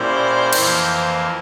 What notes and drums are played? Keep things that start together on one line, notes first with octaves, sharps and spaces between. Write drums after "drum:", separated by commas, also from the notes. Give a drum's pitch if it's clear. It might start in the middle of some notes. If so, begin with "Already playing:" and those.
Already playing: A#2 G3 A#3 C#4 E4 C5
F2 E3 A#3, drum: cymbal